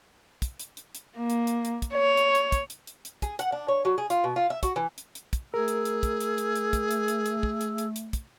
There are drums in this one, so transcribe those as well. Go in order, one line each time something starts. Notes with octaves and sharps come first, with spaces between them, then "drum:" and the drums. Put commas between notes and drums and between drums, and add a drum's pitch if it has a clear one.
drum: kick, hi-hat
drum: hi-hat
drum: hi-hat
drum: hi-hat
A#3
drum: hi-hat
drum: hi-hat
drum: hi-hat
drum: kick, hi-hat
C#5
drum: hi-hat
drum: hi-hat
drum: kick, hi-hat
drum: hi-hat
drum: hi-hat
drum: hi-hat
G#4, drum: kick, hi-hat
F#5, drum: hi-hat
D4
C#5
F#3
G#4
F4, drum: hi-hat
B2
F4
E5
F#4, drum: kick, hi-hat
E3
drum: hi-hat
drum: hi-hat
drum: kick, hi-hat
A3 G#4 A#4 E6
drum: hi-hat
drum: hi-hat
drum: kick, hi-hat
drum: hi-hat
drum: hi-hat
drum: hi-hat
drum: kick, hi-hat
drum: hi-hat
drum: hi-hat
drum: hi-hat
drum: kick
drum: hi-hat
drum: hi-hat
drum: hi-hat
drum: kick, hi-hat